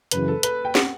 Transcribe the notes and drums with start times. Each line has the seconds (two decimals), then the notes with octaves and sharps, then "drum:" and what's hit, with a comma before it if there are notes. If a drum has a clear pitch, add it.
0.11 F#2 C#3 E3 B4, drum: hi-hat
0.28 A4
0.43 B4, drum: hi-hat
0.65 G5
0.75 F#5, drum: snare